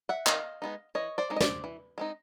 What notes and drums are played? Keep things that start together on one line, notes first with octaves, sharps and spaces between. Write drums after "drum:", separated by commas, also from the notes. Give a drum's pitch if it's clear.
E5 F#5
D#3 D#5 F5, drum: clap
G#3 B3 D#4
E3 C#5 D#5
C5 D5
G#3 C4 D#4
D#5
C5 D5, drum: snare
E3
G#3 C4 D#4